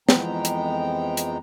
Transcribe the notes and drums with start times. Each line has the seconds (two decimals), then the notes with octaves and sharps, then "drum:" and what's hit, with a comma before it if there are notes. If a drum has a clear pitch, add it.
0.09 F2 E3 G#3 B3 G5 A#5, drum: snare
0.45 drum: hi-hat
1.17 drum: hi-hat